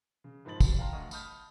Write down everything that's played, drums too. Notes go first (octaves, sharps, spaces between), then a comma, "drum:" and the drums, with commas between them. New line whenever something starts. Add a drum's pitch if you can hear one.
C#3
G#1 G#2 F3 B5 A6 F#7
G3 F#4, drum: kick, tambourine
F5 G5 A5 A#5 C6 F6
D2 D#5 C#6
A5 B5 D#6 F6 G6, drum: tambourine